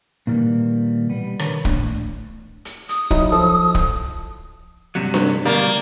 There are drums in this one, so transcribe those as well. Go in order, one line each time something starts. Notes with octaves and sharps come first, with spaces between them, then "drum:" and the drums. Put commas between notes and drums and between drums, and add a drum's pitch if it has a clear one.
A#2 D#3 E3 G3 A#3
B2 G3 B3
D3 D#3 A#4 B4 C#5, drum: rim click
E2 A2 D4, drum: kick
drum: hi-hat
D#6, drum: hi-hat
F#3 D#4 E4, drum: kick
F3 A4
drum: kick
G2 C3 F#3
drum: snare D4
D2 B2 G3 A#3